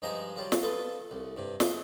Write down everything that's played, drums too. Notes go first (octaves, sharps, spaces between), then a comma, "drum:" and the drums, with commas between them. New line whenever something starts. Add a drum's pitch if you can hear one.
G2 F3 G#3 D#4 E5 A#5
F#3 G3 F4
drum: snare
F4 A4 B4 D#5
C2
G2 C3
D#5 E5, drum: snare